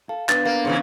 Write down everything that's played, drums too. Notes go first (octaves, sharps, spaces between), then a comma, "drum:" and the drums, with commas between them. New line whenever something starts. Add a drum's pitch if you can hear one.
A4 F5
B3 D4 B4 A6, drum: clap
A#3 F5
G#2 C#3 E3